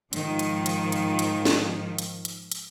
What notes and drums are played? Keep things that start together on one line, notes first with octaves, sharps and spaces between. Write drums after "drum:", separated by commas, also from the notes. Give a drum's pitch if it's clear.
G#2 D#3 F3, drum: hi-hat
drum: hi-hat
drum: hi-hat
drum: hi-hat
drum: hi-hat
drum: snare
drum: hi-hat
drum: hi-hat
drum: hi-hat